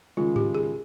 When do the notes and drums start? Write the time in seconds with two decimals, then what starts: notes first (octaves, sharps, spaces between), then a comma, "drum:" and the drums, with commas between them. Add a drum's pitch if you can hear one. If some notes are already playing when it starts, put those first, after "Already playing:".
0.17 D#2 C#3 F3 G#3 F4
0.36 G4, drum: tom G#2
0.55 G#4